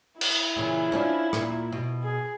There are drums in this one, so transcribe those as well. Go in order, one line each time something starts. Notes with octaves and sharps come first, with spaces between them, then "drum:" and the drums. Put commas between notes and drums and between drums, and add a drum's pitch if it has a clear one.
E4, drum: cymbal
A#2 C#3 E3
F3 C#4 D4
A#2, drum: rim click
B2
G#4